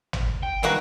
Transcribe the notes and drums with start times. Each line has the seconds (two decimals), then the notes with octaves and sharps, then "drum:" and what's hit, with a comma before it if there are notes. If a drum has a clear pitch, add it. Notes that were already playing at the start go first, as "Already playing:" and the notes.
0.13 drum: tom
0.43 G5
0.63 D#3 E3 G3 A#3 F#4